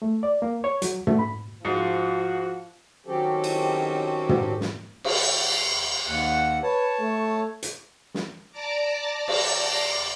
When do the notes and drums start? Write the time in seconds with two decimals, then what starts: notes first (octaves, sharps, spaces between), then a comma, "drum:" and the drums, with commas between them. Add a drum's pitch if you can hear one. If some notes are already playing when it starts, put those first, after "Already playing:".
0.02 A3
0.23 D5
0.42 A#3
0.64 C#5
0.82 F#3, drum: hi-hat
1.07 A3, drum: tom
1.19 B5
1.65 G#2 F3 F#4
3.06 D#3 F#3 C4 C#4 G4 A4
3.44 drum: cymbal
4.29 drum: tom
4.61 drum: snare
5.04 drum: cymbal
6.07 D#2 F#5
6.63 B4 C#5 A5
6.99 A3
7.63 drum: hi-hat
8.14 drum: snare
8.51 D5 A5 A#5 D6
9.28 drum: cymbal